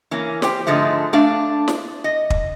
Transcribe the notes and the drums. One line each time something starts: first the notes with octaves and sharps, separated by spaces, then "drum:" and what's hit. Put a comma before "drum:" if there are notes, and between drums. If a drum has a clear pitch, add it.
E3 A#3 C#4
G4 C5 G5, drum: snare
G#2 D3 F3 G#3 A3
A3 D4 D5 F5
drum: snare
D#5
drum: kick